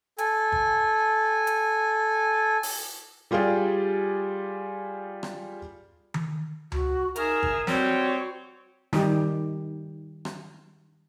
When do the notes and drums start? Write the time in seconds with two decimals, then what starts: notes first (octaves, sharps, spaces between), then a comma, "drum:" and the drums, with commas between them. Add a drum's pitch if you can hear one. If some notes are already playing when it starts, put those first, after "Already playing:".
0.18 A4 G#5, drum: hi-hat
0.52 drum: kick
1.47 drum: hi-hat
2.63 drum: open hi-hat
3.31 G3 F4 G4 G#4 D5
5.23 drum: rim click
6.14 drum: tom D#3
6.72 F#4, drum: tom C#2
7.16 D#4 G#4 A#4 E5, drum: hi-hat
7.43 drum: kick
7.67 G3 C4 F#4 C#5, drum: snare
8.93 D#3 G3 D#4 G4, drum: snare
10.25 drum: rim click